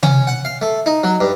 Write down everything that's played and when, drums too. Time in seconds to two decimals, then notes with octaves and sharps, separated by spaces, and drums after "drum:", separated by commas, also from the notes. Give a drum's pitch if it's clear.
0.03 C#4, drum: tom C3
0.27 F#5
0.45 F5
0.62 A3
0.86 D#4
1.04 F#3
1.21 G2